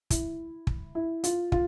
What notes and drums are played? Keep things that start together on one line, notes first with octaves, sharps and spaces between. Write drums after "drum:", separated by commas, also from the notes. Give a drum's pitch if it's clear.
E4, drum: kick, hi-hat
drum: kick
E4
F4, drum: hi-hat
F4, drum: kick